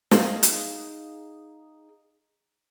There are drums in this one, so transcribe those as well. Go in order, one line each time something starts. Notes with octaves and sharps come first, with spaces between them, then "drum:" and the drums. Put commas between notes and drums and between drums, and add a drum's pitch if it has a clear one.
D#4 G4 G#4 F5, drum: snare
drum: hi-hat